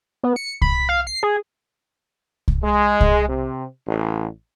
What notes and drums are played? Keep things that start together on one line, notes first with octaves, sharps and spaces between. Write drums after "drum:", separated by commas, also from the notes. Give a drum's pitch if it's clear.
B3
C#7
B5, drum: kick C2
F5
C7
G#4
drum: kick C2
G#3
drum: kick C2
C3
A1